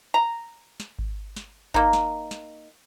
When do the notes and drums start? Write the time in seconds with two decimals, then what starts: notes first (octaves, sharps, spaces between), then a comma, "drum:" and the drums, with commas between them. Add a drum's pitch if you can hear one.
0.14 A#5
0.80 drum: snare
0.99 drum: kick G#1
1.36 drum: snare
1.74 A#3 D#4, drum: kick G#1
1.93 drum: snare
2.31 drum: snare